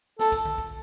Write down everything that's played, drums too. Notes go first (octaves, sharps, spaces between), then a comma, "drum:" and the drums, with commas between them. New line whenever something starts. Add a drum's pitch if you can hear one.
A4, drum: snare
drum: kick, hi-hat
drum: tom
drum: kick